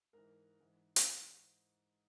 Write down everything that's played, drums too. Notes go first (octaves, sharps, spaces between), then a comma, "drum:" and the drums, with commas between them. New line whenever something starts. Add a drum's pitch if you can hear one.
G#2 E3 A#4
G#2 E3
drum: hi-hat